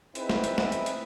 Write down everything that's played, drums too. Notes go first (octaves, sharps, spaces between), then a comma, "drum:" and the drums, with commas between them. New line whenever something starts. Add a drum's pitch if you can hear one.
C4 D#4 E4 G#4 B4, drum: hi-hat
drum: snare
drum: hi-hat
drum: snare
drum: hi-hat
drum: hi-hat